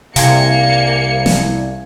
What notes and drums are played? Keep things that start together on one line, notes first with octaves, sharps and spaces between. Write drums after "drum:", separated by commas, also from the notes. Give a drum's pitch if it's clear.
C2 C3 A#3 F5 G#5 G#6 C#7, drum: hi-hat
drum: snare